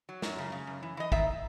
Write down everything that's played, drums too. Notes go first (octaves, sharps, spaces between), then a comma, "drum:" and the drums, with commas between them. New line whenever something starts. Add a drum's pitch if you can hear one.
F#3
F#2, drum: snare
C#3
C#3
F#2
E3
E3 D#5
D#3 E5, drum: kick